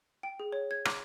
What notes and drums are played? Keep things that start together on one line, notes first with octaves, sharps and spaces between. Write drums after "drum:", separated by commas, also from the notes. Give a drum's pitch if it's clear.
G5
G#4
C#5
G#6
D6, drum: rim click